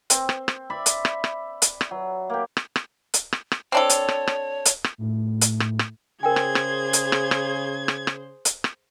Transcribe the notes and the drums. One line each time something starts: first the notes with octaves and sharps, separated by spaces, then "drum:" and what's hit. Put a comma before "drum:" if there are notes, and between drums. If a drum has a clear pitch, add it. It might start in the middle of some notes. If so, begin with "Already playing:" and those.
C4, drum: hi-hat
drum: rim click
drum: rim click
D5 E5 B5
drum: hi-hat
drum: rim click
drum: rim click
drum: hi-hat
drum: rim click
F#3
A#3 G4
drum: rim click
drum: rim click
drum: hi-hat
drum: rim click
drum: rim click
C4 D4 A4 C#5
drum: hi-hat
drum: rim click
drum: rim click
drum: hi-hat
drum: rim click
A2
drum: hi-hat
drum: rim click
drum: rim click
C#3 G#4 A#4 C5 G5 G#5 G#6
drum: rim click
drum: rim click
drum: hi-hat
drum: rim click
drum: rim click
drum: rim click
drum: rim click
drum: hi-hat
drum: rim click